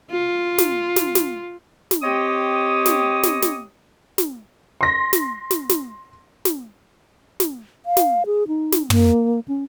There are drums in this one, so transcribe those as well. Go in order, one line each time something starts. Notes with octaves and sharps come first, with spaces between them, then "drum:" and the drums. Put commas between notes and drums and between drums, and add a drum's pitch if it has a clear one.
F4
drum: snare
drum: snare
drum: snare
drum: snare
C4 G4 C#5 D#5 D#6
drum: snare
drum: snare
drum: snare
drum: snare
C6 A#6
drum: snare
drum: snare
drum: snare
drum: snare
drum: snare
F5
drum: snare
G#4
D#4
drum: snare
A#3, drum: tom
C#4